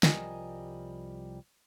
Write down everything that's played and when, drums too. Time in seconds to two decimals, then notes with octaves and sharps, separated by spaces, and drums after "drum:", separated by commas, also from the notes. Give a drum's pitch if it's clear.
0.03 C2 F3 G3 A#4 D#5 G#5, drum: snare